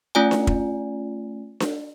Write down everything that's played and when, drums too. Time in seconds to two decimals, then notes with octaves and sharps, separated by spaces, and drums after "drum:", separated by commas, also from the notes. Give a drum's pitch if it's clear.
0.15 A3 C#4 F4 D5 G#5
0.31 drum: snare D4
0.47 drum: kick
1.60 drum: snare D4